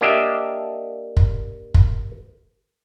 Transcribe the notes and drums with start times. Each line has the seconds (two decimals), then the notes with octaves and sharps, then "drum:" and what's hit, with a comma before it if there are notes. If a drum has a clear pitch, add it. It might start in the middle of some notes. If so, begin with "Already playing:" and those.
0.01 A#3 D4 G4 D#5 E5
1.17 drum: kick
1.74 drum: kick